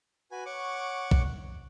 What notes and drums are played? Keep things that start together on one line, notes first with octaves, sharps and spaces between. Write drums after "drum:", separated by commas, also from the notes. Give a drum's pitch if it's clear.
F#4 B4 G#5
C#5 F#5 C#6 D6
drum: kick A#1